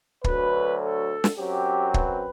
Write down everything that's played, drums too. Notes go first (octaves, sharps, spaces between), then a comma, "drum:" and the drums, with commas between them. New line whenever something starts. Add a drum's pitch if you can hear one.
D2 D3 F#3 B4, drum: kick
A4
drum: snare
F#2 F#3 C4 G4
B4, drum: kick